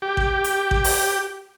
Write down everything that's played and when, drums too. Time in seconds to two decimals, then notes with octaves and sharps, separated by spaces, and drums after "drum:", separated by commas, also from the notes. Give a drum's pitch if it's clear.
0.02 G4
0.17 drum: kick A1
0.44 drum: hi-hat
0.71 drum: kick A1
0.84 drum: open hi-hat